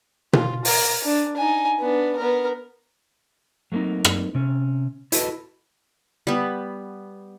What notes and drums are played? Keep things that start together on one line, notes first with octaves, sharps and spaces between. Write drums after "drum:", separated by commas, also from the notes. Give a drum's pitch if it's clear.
F4, drum: tom B2
A#4, drum: open hi-hat
D4
D#4 G#5
B3 D4
B3 A#4
F#3 A3 A#3 C4 D#4
drum: rim click
C3 C#4
E4 F#4 A4 B4 D#5, drum: hi-hat
G3 B3